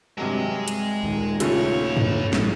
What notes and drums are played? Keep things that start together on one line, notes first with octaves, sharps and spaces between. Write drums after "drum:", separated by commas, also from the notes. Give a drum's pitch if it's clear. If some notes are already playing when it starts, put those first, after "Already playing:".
G2 C3 F#3 G#3
drum: hi-hat
D#2 A#2
B1 C#3 A3 F4 C#5, drum: hi-hat
drum: tom G2
A#1 A2, drum: snare